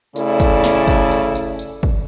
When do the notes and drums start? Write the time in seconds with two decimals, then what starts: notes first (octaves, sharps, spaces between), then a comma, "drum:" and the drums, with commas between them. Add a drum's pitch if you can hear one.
0.16 C#3 A3 E4 A4 D5, drum: tambourine
0.40 drum: kick, tambourine
0.64 drum: snare
0.88 drum: kick, tambourine
1.11 drum: tambourine
1.35 drum: tambourine
1.59 drum: tambourine
1.83 drum: kick